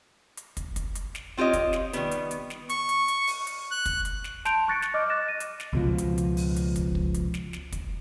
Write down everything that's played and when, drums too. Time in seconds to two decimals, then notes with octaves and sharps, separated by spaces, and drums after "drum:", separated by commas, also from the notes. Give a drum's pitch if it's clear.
0.37 drum: hi-hat
0.57 drum: kick, hi-hat
0.76 drum: kick, hi-hat
0.95 drum: hi-hat
1.15 drum: snare
1.37 C4 F4 G4 C#5 D#5
1.53 drum: kick, hi-hat
1.73 drum: snare
1.93 D#3 G3 B3, drum: hi-hat
2.11 drum: hi-hat
2.31 drum: hi-hat
2.50 drum: snare
2.69 C#6, drum: hi-hat
2.89 drum: hi-hat
3.08 drum: hi-hat
3.28 drum: open hi-hat
3.47 drum: hi-hat
3.71 F#6
3.86 drum: kick, hi-hat
4.05 drum: hi-hat
4.24 drum: snare
4.45 A5 C6 G6 D7 F7, drum: snare
4.68 C#6 F#6 A6 A#6 C#7 D7
4.82 drum: snare
4.94 D#5 D6 F6
5.10 F#6 A6 A#6 E7
5.28 D#7
5.40 drum: hi-hat
5.60 drum: snare
5.73 C#2 B2 F3
5.98 drum: hi-hat
6.18 drum: hi-hat
6.37 drum: open hi-hat
6.56 drum: hi-hat
6.76 drum: kick, hi-hat
6.95 drum: kick
7.14 drum: hi-hat
7.34 drum: snare
7.53 drum: snare
7.72 drum: kick, hi-hat